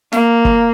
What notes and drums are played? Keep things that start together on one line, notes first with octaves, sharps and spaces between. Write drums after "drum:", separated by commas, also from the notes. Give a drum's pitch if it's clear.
A#3, drum: snare
drum: kick